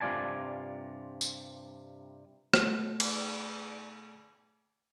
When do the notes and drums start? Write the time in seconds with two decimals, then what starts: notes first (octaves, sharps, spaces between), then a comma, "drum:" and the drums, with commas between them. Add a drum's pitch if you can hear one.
0.01 G2 C3 F4 D5 G#5 A5
1.21 drum: tambourine
2.54 B2 A3, drum: rim click
3.00 drum: cymbal